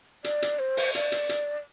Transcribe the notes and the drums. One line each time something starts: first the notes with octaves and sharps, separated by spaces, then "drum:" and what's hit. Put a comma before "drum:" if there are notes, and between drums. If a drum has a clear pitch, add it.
D5, drum: hi-hat
drum: hi-hat
C5
drum: open hi-hat
D5, drum: hi-hat
drum: hi-hat
drum: hi-hat